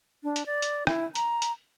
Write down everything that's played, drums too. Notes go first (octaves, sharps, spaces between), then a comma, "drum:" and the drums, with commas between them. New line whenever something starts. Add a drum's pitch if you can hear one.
D4
drum: hi-hat
D5
drum: hi-hat
E4, drum: rim click
A#5, drum: hi-hat
drum: hi-hat